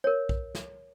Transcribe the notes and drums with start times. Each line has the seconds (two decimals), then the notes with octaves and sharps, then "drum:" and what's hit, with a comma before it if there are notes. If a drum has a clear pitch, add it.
0.04 A#4 C#5
0.29 drum: kick
0.55 drum: snare